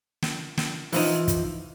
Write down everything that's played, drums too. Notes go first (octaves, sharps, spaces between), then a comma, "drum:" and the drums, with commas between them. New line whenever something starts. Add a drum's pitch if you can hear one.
drum: snare
drum: snare
E3 F3 D#4, drum: open hi-hat
drum: kick, hi-hat